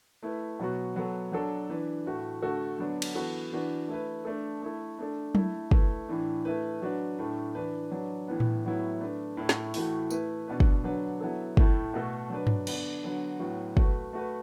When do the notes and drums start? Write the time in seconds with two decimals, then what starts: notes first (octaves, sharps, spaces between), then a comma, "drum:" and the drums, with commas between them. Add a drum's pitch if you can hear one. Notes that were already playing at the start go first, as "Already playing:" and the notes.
0.23 A3 E4 B4
0.59 B2 F#3 B3 F#4
0.96 F#3 B3 F#4 A4
1.32 F#3 D4 F#4 A4
1.69 E3 D4 B4
2.06 A2 A3 F#4
2.42 D3 A3 F#4 A4
2.79 D3 F#3 B3 D4
3.02 drum: cymbal
3.15 E3 B3 F#4 A4
3.52 E3 D4 F#4 B4
3.88 A3 E4 B4
4.25 A3 D4 A4
4.62 A3 E4 A4
4.99 A3 D4 A4
5.35 A3 E4 A4, drum: tom F#3
5.71 A3 E4 B4, drum: kick
6.09 A2 E3 D4
6.45 A3 E4 B4
6.82 F#3 D4 F#4 B4
7.19 A2 A3 D4
7.55 E3 D4 B4
7.91 F#3 D4 B4
8.28 A2 E3 B3
8.40 drum: tom A2
8.65 A2 F#3 B3 E4
9.01 A3 D4 B4
9.37 A2 A3 E4
9.49 drum: snare
9.74 A2 E3 A3 F#4, drum: open hi-hat
10.11 A3 E4 B4, drum: tambourine
10.48 B2 B3 D4 B4
10.60 drum: kick
10.84 D3 F#3 D4 B4
11.21 F#3 B3 E4 A4
11.57 A2 A3 E4, drum: kick
11.94 B2 A3 F#4 A4
12.30 F#3 D4 B4
12.47 drum: tom G2
12.67 D3 B3 D4, drum: cymbal
13.04 D3 F#3 B3
13.40 A2 F#3 B3 F#4
13.77 A3 F#4 B4, drum: kick
14.13 A3 F#4 B4